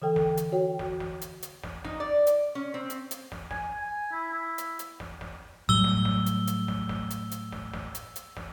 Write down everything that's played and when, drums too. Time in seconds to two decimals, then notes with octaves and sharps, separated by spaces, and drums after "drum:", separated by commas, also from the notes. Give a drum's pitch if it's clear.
0.02 D3 E3 A4 G5
0.16 drum: snare
0.37 drum: hi-hat
0.52 F#4 C#5 G5
0.79 drum: snare
1.00 drum: snare
1.21 drum: hi-hat
1.43 drum: hi-hat
1.64 drum: snare
1.85 D#4, drum: snare
2.00 D5
2.27 drum: hi-hat
2.55 C#4
2.74 C4
2.90 drum: hi-hat
3.11 drum: hi-hat
3.32 drum: snare
3.51 G#5, drum: snare
3.82 G#5
4.12 E4
4.32 E4
4.58 drum: hi-hat
4.79 drum: hi-hat
5.00 drum: snare
5.21 drum: snare
5.69 A2 F#3 G3 E6 G7
5.84 drum: snare
6.05 drum: snare
6.26 drum: hi-hat
6.47 drum: hi-hat
6.68 drum: snare
6.89 drum: snare
7.10 drum: hi-hat
7.31 drum: hi-hat
7.53 drum: snare
7.74 drum: snare
7.95 drum: hi-hat
8.16 drum: hi-hat
8.37 drum: snare